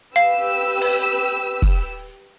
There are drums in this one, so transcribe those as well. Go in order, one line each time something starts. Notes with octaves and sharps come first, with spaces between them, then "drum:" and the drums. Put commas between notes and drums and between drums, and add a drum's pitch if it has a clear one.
G4 B4 F5 E6
drum: open hi-hat
drum: kick